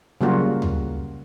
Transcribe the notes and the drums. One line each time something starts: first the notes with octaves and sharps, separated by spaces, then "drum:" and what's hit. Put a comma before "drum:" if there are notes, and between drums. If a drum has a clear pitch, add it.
C#3 F#3 G3 A#3 F4 F#4
drum: tom